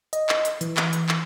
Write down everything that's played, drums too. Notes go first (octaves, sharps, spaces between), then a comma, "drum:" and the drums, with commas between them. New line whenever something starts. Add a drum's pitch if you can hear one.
D#5, drum: hi-hat
drum: clap
drum: hi-hat
E3, drum: hi-hat
drum: clap
drum: hi-hat
drum: clap